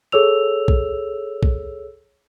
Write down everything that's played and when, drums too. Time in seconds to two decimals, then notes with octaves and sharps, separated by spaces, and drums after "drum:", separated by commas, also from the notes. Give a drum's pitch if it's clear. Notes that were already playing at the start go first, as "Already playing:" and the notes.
0.12 G#4 A4 C#5 E6 F7
0.68 drum: kick
1.43 drum: kick